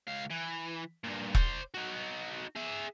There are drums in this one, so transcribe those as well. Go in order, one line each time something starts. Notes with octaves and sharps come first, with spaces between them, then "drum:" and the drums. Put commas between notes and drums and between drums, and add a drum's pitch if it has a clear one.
C#2 F5
E3
G2 A#2
C5 D5, drum: kick E1
D#4 F#4
G#4 E5